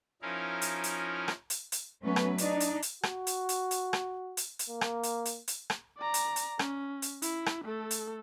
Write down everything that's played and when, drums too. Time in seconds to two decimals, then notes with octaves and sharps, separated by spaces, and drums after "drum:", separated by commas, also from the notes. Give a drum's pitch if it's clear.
0.22 F3 C#4 D#4 E4 A#4 F5
0.62 drum: hi-hat
0.84 drum: hi-hat
1.28 drum: rim click
1.50 drum: hi-hat
1.72 drum: hi-hat
2.02 F#3 A3 B3 C#4 B4
2.16 drum: rim click
2.38 D4 D#4, drum: hi-hat
2.60 drum: hi-hat
2.82 drum: hi-hat
3.03 F#4, drum: rim click
3.27 drum: hi-hat
3.49 drum: hi-hat
3.71 drum: hi-hat
3.93 drum: rim click
4.37 drum: hi-hat
4.59 drum: hi-hat
4.69 A#3
4.81 drum: rim click
5.03 drum: hi-hat
5.25 drum: hi-hat
5.48 drum: hi-hat
5.70 drum: rim click
5.98 D5 A#5
6.14 drum: hi-hat
6.36 drum: hi-hat
6.59 C#4, drum: rim click
7.02 drum: hi-hat
7.22 E4, drum: hi-hat
7.46 drum: rim click
7.65 A3 A4
7.91 drum: hi-hat